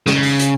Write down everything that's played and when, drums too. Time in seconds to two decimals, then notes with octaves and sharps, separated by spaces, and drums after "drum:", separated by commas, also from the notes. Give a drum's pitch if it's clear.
0.06 C#3, drum: snare
0.23 drum: open hi-hat
0.39 drum: hi-hat